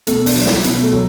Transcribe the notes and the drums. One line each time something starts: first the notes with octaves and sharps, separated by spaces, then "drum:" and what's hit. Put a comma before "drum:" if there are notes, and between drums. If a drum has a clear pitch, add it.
B2 A3, drum: hi-hat
D4, drum: open hi-hat
F#3
E4, drum: snare
B2 E4, drum: hi-hat
A3
F#3